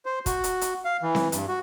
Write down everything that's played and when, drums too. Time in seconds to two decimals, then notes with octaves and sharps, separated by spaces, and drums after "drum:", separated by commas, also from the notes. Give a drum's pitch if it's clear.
0.06 C5
0.26 F#4, drum: kick, hi-hat
0.44 drum: hi-hat
0.61 drum: hi-hat
0.85 F5
1.03 E3
1.15 drum: snare C4
1.32 G2, drum: hi-hat
1.48 F#4